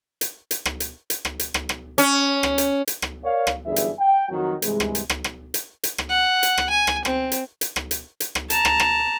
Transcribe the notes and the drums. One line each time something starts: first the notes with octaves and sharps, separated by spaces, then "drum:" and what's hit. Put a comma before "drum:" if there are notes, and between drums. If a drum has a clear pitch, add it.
drum: hi-hat
drum: hi-hat
drum: rim click
drum: hi-hat
drum: hi-hat
drum: rim click
drum: hi-hat
drum: rim click
drum: rim click
C#4, drum: hi-hat
drum: rim click
drum: hi-hat
drum: hi-hat
drum: rim click
A#4 C#5 D5 F5
drum: rim click
G1 F#2 E3 D4 G#4 E5
drum: hi-hat
G5
F2 D#3 F#3 F#4
G2 C3 E3 G#3, drum: hi-hat
drum: rim click
drum: hi-hat
drum: rim click
drum: rim click
drum: hi-hat
drum: hi-hat
drum: rim click
F#5
drum: hi-hat
drum: rim click
G#5
drum: rim click
C4, drum: rim click
drum: hi-hat
drum: hi-hat
drum: rim click
drum: hi-hat
drum: hi-hat
drum: rim click
A5 A#5, drum: hi-hat
drum: rim click
drum: rim click